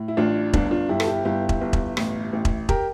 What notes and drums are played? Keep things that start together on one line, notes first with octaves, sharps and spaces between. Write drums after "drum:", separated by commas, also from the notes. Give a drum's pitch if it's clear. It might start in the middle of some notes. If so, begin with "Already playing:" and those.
Already playing: A2
E4
A1 D4 F4
G1 D4, drum: kick E1
D4 F4
G2 E4 G4
A4, drum: rim click
E4 G4
G1 E4 G4
drum: kick E1
G1
drum: kick E1
A1, drum: rim click
A1
drum: kick E1
G4 A#4, drum: kick E1